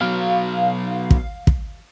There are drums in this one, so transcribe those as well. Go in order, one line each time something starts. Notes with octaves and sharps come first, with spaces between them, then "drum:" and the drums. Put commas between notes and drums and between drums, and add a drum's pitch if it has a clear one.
B2 F#3 F5
drum: kick
drum: kick